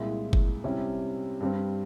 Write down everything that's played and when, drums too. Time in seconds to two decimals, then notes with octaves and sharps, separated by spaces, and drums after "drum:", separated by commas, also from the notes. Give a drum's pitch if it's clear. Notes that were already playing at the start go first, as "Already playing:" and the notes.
Already playing: C2 A#2 G#3 E4
0.33 drum: kick G1
0.64 C3 G3 C#4 E4
1.40 G2 G3 C4